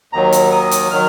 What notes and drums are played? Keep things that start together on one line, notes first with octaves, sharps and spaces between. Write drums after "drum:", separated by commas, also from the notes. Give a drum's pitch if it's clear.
D#2 D#3 F#3 A#5
drum: hi-hat
D#6
drum: hi-hat
D#3 F#3 F6